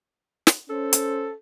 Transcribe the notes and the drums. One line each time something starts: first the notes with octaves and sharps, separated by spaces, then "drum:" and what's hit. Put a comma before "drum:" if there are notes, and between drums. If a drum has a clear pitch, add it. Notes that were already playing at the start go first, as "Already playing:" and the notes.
drum: snare
C#4 A4 C5
drum: hi-hat